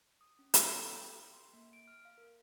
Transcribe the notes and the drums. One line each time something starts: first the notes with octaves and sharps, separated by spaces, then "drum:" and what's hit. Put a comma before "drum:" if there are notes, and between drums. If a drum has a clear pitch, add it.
D#6
C#4
E6, drum: hi-hat
A4
G5
C6
A#3
D7
F6
F5
A#4